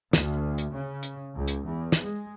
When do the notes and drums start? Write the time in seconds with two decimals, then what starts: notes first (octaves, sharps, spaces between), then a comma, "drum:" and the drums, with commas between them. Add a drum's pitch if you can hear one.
0.13 D2, drum: snare
0.58 drum: hi-hat
0.73 C#3
1.03 drum: hi-hat
1.37 C#2
1.48 drum: hi-hat
1.66 E2
1.92 drum: snare
2.03 G#3